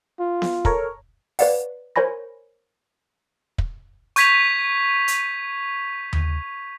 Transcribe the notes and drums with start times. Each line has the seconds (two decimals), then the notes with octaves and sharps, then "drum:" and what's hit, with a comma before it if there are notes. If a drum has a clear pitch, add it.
0.19 F4
0.42 drum: snare B3
0.65 A4 A#4 C#5, drum: kick
1.39 B4 C#5 D5 F5 F#5, drum: open hi-hat
1.96 A#4 C5 C#5 G#5 B5 A#6
3.58 drum: kick
4.16 C#6 G6 G#6 B6 D#7 F7, drum: hi-hat
5.08 drum: hi-hat
6.13 drum: tom D#2